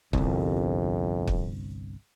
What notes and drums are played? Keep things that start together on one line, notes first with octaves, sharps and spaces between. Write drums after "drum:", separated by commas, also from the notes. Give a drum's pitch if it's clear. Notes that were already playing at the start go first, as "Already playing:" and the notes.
G1 C2 F2, drum: kick
drum: kick